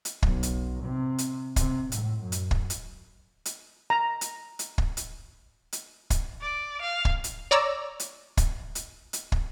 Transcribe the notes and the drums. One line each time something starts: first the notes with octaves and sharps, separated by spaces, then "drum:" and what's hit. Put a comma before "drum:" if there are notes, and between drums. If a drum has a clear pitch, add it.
drum: hi-hat
B1, drum: kick
drum: hi-hat
C3
drum: hi-hat
C3, drum: kick, hi-hat
A2, drum: hi-hat
F#2
drum: hi-hat
drum: kick
drum: hi-hat
drum: hi-hat
A#5
drum: hi-hat
drum: hi-hat
drum: kick
drum: hi-hat
drum: hi-hat
drum: kick, hi-hat
D5
F5
drum: kick
drum: hi-hat
C#5 D5 A#5 E6
drum: hi-hat
drum: kick, hi-hat
drum: hi-hat
drum: hi-hat
drum: kick